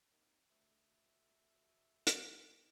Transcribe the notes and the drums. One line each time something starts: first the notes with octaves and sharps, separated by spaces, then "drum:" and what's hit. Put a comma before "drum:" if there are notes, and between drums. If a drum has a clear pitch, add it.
C3 A#3 D#4 G4
D2 E5
drum: hi-hat